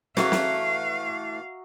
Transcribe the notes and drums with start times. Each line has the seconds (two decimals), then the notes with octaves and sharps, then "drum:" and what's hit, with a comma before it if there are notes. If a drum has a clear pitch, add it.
0.17 E3 A3 F#4 E5 F5 A#5, drum: snare
0.32 drum: snare